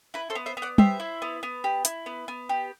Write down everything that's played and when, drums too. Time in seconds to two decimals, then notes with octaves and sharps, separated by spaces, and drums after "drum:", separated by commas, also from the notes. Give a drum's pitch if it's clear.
0.14 E4 B4
0.30 A4 C5
0.35 B3
0.46 C5 E5
0.57 B3
0.62 D5 F#5
0.78 G4 C5 E5, drum: tom
1.00 E4
1.22 B3
1.43 B3
1.64 G4
1.85 E4, drum: hi-hat
2.06 B3
2.28 B3
2.49 G4